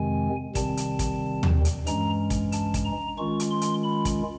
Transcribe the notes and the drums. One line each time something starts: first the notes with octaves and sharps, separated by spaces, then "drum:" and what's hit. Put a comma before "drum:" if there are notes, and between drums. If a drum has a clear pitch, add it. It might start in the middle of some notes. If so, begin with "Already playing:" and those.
Already playing: F2 C3 D#3 G#3 C4 G#5
C3 D#3 G3 C4 A5, drum: kick, hi-hat
drum: hi-hat
drum: kick, hi-hat
drum: tom
drum: hi-hat
G2 E3 G#3 C#4 A#5, drum: hi-hat
drum: kick, hi-hat
A5, drum: hi-hat
drum: kick, hi-hat
A#5
D#3 G#3 C#4 F4 C#6
drum: hi-hat
C6
drum: hi-hat
B5
drum: kick, hi-hat